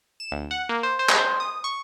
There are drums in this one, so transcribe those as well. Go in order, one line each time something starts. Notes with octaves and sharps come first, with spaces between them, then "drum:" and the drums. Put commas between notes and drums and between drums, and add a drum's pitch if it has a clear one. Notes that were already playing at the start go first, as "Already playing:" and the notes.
E7
D2
F#5
A#3
C5
C5
drum: clap
C5
D#6
C#6